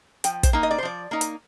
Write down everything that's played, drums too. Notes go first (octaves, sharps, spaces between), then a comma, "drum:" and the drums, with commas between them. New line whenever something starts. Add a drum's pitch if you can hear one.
F3 G5, drum: hi-hat
C5, drum: kick, hi-hat
A#3 D#4
D#5
D5
C5
F3 D5
A#3 D#4
drum: hi-hat